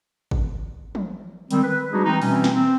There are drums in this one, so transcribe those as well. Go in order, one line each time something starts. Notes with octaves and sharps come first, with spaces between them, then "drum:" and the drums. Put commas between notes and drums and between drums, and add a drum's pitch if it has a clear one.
drum: kick G#1
drum: tom
D#3 G3 G#3 C4, drum: hi-hat
B4
G3 G#3 D4 D#4 F#4 G#4
E3 G#3 C4 D#4
B2 E3 G3 A3 C4 C#4, drum: open hi-hat
drum: snare
C4